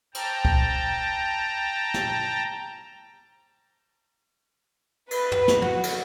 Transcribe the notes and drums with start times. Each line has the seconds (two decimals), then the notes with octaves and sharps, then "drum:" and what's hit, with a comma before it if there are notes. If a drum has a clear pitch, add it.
0.15 G5 A5 A#5, drum: cymbal
0.45 drum: kick
1.94 drum: snare
5.11 B4, drum: cymbal
5.32 drum: tom
5.48 drum: snare
5.62 F#4, drum: tom
5.83 drum: cymbal